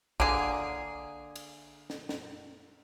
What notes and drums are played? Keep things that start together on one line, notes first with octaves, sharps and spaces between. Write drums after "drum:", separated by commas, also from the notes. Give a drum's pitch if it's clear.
D3 A#3 G#4, drum: kick A#1
drum: cymbal
drum: snare
drum: snare